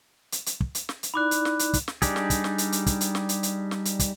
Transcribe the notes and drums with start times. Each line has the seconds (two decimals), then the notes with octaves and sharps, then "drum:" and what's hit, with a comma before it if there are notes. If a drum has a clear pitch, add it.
0.32 drum: hi-hat
0.46 drum: hi-hat
0.61 drum: kick
0.75 drum: hi-hat
0.89 drum: snare
1.03 drum: hi-hat
1.14 D#4 E4 D5 B5 D6 F#6
1.31 drum: hi-hat
1.45 drum: snare
1.59 drum: hi-hat
1.74 drum: kick, hi-hat
1.88 drum: snare
2.02 G3 D4 D#4 G4 G#4, drum: kick, hi-hat
2.16 drum: snare
2.30 drum: kick, hi-hat
2.44 drum: snare
2.58 drum: hi-hat
2.72 drum: hi-hat
2.86 drum: kick, hi-hat
3.01 drum: hi-hat
3.15 drum: snare
3.29 drum: hi-hat
3.43 drum: hi-hat
3.71 drum: snare
3.85 drum: hi-hat
3.99 drum: kick, hi-hat